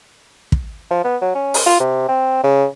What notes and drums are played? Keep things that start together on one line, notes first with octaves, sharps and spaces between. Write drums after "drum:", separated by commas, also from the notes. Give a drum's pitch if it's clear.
drum: kick
F3
B3
F#3
C#4
drum: open hi-hat
F4
C3
C4
C#3